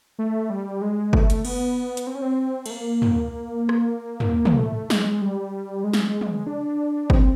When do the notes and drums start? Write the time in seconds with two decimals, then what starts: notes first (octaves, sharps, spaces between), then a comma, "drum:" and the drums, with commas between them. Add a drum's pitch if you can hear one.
0.19 A3
0.50 G3
0.82 G#3
1.13 A3, drum: kick
1.30 drum: hi-hat
1.45 B3, drum: cymbal
1.97 drum: hi-hat
2.07 C4
2.15 C#4
2.22 C4
2.66 A3, drum: cymbal
2.70 A#3
3.02 drum: tom
3.69 drum: rim click
4.20 drum: tom
4.45 drum: tom
4.58 A3
4.90 G#3, drum: snare
5.22 G3
5.84 G#3
5.93 drum: snare
6.21 drum: tom
6.47 D4
7.10 C4, drum: kick